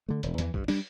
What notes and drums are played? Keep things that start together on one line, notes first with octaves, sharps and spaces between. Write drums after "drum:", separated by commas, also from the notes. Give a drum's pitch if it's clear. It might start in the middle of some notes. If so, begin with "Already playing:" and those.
D3 A3
E1, drum: hi-hat
E2 E3, drum: hi-hat
G2, drum: kick
G3 D4, drum: open hi-hat